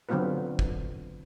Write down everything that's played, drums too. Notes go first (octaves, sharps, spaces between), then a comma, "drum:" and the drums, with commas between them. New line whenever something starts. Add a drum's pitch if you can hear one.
D3 F#3 B3 C4 F4 B4
drum: kick